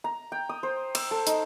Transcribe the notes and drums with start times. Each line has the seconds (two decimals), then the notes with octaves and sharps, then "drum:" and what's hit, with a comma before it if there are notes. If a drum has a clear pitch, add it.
0.04 A#5
0.32 G5
0.49 D#6
0.63 C5
0.95 E6, drum: cymbal
1.11 A4
1.27 D#4, drum: hi-hat